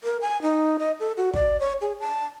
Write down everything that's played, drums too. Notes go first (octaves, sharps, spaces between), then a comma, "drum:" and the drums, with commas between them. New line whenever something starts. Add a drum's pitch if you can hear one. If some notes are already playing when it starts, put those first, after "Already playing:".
A#4
G#5
D#4
D#5
A4
F#4
D5, drum: kick
C#5
G#4
A5